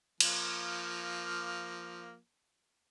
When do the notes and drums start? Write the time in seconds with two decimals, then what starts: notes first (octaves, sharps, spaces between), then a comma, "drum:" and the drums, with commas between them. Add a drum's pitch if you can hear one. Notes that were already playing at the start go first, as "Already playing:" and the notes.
0.20 F3 A#3, drum: cymbal